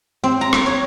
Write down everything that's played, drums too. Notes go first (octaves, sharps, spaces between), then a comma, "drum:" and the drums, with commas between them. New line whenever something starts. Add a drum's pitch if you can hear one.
C4
A#5
drum: rim click
C#5